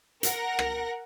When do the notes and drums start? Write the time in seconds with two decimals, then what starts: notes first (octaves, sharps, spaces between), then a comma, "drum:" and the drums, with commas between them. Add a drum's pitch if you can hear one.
0.23 A#4 F#5 A#6, drum: hi-hat
0.59 drum: rim click